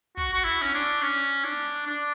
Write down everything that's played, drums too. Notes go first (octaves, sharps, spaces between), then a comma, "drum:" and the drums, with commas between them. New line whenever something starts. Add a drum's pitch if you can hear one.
F#4, drum: kick, hi-hat
F#4
E4
C#4, drum: snare
D4
C#4, drum: open hi-hat
drum: hi-hat
D4, drum: snare
drum: open hi-hat
D4